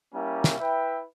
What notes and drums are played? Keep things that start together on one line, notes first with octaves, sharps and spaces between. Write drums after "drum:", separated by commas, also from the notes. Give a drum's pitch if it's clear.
G3 A#3 C#4 E4 A#4
drum: snare
E4 B4 E5 G5